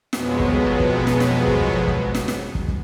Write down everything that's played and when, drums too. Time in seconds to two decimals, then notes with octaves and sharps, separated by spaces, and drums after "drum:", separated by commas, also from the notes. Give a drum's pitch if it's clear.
0.13 F2 B2 F#3 G#3 B3, drum: snare
0.40 drum: kick
0.53 drum: kick
0.80 drum: kick
1.07 drum: snare
1.20 drum: snare
1.47 drum: kick
1.61 drum: kick
1.88 drum: kick
2.15 drum: snare
2.28 drum: snare
2.55 drum: kick
2.68 drum: kick